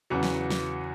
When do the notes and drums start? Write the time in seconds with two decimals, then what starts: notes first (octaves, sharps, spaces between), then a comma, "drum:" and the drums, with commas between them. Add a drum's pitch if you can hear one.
0.10 E2 C#3 F#3
0.23 drum: snare
0.50 drum: snare